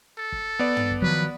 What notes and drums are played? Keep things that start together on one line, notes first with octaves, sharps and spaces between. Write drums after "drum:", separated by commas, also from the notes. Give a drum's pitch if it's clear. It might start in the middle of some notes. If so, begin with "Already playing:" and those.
A4
drum: kick
B3 D5
drum: tom
drum: kick
D#3 F3 F#3 B4